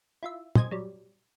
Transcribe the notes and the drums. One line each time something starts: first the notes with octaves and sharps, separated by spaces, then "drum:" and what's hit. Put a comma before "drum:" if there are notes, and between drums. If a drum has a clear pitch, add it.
E4 F4 E5
C5 D#5 G#5 G#6, drum: tom
F#3 G3